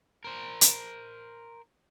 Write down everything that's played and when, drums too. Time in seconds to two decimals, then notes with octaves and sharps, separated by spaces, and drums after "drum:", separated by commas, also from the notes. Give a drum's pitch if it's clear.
0.24 A#4 C5
0.61 drum: hi-hat